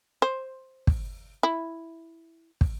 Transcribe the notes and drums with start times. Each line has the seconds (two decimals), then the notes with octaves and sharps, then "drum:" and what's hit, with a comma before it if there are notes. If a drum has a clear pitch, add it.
0.22 C5
0.87 drum: kick
1.43 E4
2.61 drum: kick